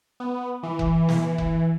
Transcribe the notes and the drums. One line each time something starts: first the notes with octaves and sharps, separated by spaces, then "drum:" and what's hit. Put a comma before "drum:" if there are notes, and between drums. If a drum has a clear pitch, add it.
B3
E3
drum: kick F1
drum: snare
drum: kick F1